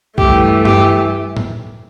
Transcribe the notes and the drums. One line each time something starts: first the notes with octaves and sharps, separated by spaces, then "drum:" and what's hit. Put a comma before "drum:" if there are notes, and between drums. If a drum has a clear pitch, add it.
G2 E3 A3 G4, drum: kick
G4, drum: tom G2
drum: tom A2